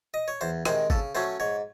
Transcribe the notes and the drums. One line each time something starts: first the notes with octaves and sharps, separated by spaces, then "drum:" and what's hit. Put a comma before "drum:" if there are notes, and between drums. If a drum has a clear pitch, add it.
D#5
C#5
E2 C5
C3 D#3 G#3 C5, drum: rim click
C#3 A4, drum: kick G#1
F#3 A3 C#4 C5
G#2 C#5